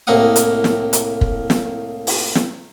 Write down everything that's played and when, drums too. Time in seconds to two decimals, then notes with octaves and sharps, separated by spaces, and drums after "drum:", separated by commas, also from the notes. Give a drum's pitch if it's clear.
0.07 C2 A2 A#3 F5 F#5 D#6
0.36 drum: hi-hat
0.64 drum: snare
0.93 drum: hi-hat
1.21 drum: kick
1.50 drum: snare
2.07 drum: open hi-hat
2.35 drum: snare